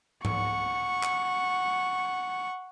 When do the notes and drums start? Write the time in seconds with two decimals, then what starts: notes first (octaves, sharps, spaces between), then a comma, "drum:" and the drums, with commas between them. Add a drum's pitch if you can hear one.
0.25 F#5 C#6, drum: tom G#2
1.03 drum: clap